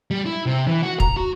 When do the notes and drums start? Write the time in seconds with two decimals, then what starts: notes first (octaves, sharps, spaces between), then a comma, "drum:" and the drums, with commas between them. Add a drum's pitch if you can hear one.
0.11 G3
0.26 E4
0.46 C3
0.67 E3
0.83 F#4
1.00 A#5, drum: kick
1.17 F#4